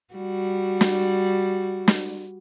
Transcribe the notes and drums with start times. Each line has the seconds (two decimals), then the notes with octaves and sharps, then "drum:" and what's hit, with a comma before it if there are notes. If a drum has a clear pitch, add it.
0.14 G3 F#4
0.81 drum: snare
1.88 drum: snare